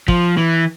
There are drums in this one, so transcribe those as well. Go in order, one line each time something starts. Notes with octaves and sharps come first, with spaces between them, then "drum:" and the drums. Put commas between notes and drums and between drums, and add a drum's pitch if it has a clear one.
F3, drum: kick
E3